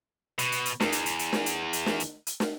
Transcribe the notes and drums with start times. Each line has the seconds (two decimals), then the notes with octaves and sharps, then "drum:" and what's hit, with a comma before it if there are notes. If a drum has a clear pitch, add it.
0.39 B2, drum: hi-hat
0.52 drum: hi-hat
0.65 drum: hi-hat
0.80 E2, drum: snare
0.92 drum: hi-hat
1.06 drum: hi-hat
1.19 drum: hi-hat
1.33 drum: snare
1.46 drum: hi-hat
1.73 drum: hi-hat
1.86 drum: snare
2.00 drum: hi-hat
2.27 drum: hi-hat
2.40 drum: snare